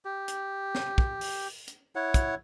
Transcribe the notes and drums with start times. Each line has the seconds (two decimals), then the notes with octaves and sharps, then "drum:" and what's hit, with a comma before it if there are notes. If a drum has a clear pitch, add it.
0.05 G4
0.28 drum: hi-hat
0.75 drum: snare
0.98 drum: kick
1.21 drum: open hi-hat
1.68 drum: hi-hat
1.95 E4 C#5 F#5
2.14 drum: kick, hi-hat